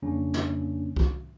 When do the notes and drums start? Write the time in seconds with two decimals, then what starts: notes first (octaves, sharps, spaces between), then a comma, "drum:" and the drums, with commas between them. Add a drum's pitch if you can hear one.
0.02 F2 C#3 A#3 C#4 D4
0.34 drum: snare
0.96 drum: kick C2